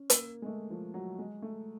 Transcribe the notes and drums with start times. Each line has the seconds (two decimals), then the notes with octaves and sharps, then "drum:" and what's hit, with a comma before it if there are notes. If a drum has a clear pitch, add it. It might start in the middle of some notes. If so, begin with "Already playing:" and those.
Already playing: C#4
0.10 A#3, drum: hi-hat
0.42 G#3
0.46 A3
0.70 F3
0.94 F#3
1.19 G#3
1.42 A3